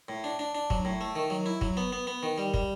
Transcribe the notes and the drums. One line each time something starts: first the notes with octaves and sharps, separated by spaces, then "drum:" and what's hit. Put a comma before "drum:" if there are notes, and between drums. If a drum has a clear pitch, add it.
A2
D4
D4
D4
F#3, drum: kick
A2
A3
D#3
F#3
E4
F#3, drum: kick
B3
B3
B3
D#3
G3
G3, drum: kick